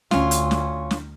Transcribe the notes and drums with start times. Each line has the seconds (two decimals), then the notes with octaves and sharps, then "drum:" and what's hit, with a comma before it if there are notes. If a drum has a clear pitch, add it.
0.11 D2 C#4 F4, drum: snare
0.31 drum: hi-hat
0.51 drum: snare
0.91 drum: snare